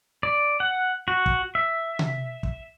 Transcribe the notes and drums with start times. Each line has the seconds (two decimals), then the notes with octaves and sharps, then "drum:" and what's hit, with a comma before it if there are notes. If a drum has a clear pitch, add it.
0.23 D5
0.60 F#5
1.08 F#4
1.26 drum: kick
1.55 E5
1.99 drum: tom C3
2.43 drum: kick